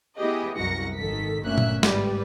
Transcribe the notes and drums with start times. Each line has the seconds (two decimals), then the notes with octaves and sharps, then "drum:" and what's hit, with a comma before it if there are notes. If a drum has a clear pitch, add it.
0.18 B3 E4 G4 G#4 D#5
0.60 C2 F#2 F#4 A#4 A#6 C#7
0.97 G#1 D#3 A4 B6
1.43 G1 D2 A#3 C#4 E5 F#6
1.58 drum: tom A#2
1.83 G#2 G3 B4, drum: snare